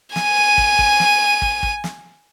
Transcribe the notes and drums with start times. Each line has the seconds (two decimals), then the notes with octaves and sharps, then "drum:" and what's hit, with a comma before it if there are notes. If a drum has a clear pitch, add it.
0.16 G#5 D#7, drum: snare
0.58 drum: kick
0.79 drum: kick
1.00 drum: snare
1.42 drum: kick
1.63 drum: kick
1.84 drum: snare